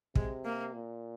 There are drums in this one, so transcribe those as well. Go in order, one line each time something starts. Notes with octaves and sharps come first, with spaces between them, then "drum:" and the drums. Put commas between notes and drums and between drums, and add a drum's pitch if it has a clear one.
C3 G#3, drum: kick
A#3
A#2